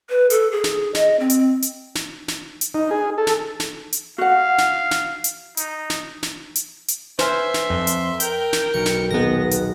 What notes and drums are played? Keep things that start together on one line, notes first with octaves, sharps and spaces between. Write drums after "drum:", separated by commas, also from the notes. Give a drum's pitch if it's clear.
B4
A4, drum: hi-hat
G#4
drum: snare
D#5, drum: snare
C4
drum: hi-hat
drum: hi-hat
drum: snare
drum: snare
drum: hi-hat
D#4
G#4
A4
drum: snare
drum: snare
drum: hi-hat
F#4 F5 F#5
drum: snare
drum: snare
drum: hi-hat
D#4, drum: hi-hat
drum: snare
drum: snare
drum: hi-hat
drum: hi-hat
B4 C5 E5 G#5 C6 F6, drum: snare
drum: snare
F2
drum: hi-hat
A#4 G5 G6, drum: hi-hat
drum: snare
B1 C#7
drum: snare
D#1 B3 G#4 D#5 A#6
drum: hi-hat